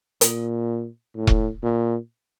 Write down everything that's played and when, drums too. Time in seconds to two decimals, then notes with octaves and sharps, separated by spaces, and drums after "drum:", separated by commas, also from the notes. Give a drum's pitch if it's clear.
0.21 A#2, drum: hi-hat
1.16 A2
1.27 drum: kick E1
1.63 A#2